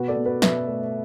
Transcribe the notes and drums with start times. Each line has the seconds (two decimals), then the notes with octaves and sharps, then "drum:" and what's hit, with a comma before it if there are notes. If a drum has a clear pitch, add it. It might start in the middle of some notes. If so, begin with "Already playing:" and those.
Already playing: B2 F#4 B4
0.08 A4 D5
0.16 B2
0.26 F#4 B4
0.42 B2 B4 E5, drum: snare
0.68 A3